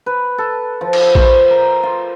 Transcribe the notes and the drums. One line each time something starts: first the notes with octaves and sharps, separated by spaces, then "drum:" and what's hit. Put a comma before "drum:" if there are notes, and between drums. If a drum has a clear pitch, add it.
B4
A4
F3
drum: cymbal
C5, drum: kick A#1
A#4
F4